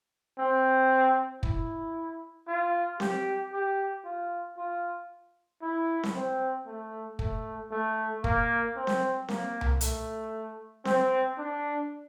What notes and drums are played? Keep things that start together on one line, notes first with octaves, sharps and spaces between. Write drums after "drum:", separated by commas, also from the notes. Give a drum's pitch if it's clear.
C4
E4, drum: kick
F4
G4, drum: snare C4
G4
F4
F4
E4
drum: snare C4
C4
A3
A3, drum: kick
A3
A#3, drum: kick
C4
drum: snare C4
A#3, drum: snare C4
drum: tom C2
A3, drum: hi-hat
C4, drum: snare C4
D4